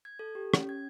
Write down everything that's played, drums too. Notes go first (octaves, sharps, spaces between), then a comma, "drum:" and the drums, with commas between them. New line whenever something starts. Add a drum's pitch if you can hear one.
G#6
A4
G4
C#4, drum: rim click
G#6